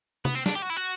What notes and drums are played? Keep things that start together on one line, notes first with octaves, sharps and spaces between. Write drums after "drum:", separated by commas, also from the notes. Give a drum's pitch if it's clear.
B3, drum: tom C3
C4
D4, drum: snare
G4
F#4
E4
F#4